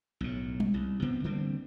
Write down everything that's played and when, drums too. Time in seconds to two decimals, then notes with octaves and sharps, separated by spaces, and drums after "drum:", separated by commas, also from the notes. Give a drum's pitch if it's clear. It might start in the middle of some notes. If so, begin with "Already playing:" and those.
0.21 B1 A2
0.60 drum: tom G3
0.74 C2
1.02 C3 B3 C4
1.24 D3 G3 A#3 C4